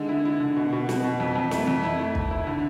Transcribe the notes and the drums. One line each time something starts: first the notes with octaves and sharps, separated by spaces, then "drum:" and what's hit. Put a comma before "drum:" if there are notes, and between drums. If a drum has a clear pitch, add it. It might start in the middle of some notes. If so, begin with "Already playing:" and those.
Already playing: D3 G#3
E4
E4
D3
B2
B2
B2, drum: snare
B2
F2
F2
A3, drum: snare
F2
E4
A3
A3, drum: kick
E4
D3